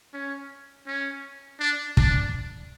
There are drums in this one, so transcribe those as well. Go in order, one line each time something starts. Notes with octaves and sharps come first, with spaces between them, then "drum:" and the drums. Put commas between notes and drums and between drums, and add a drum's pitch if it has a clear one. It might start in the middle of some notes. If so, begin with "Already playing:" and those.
C#4
C#4
D4
D4, drum: kick